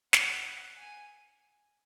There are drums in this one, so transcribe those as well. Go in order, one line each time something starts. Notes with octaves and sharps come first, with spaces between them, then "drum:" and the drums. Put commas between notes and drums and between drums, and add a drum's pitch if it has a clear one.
F#5, drum: snare
G#5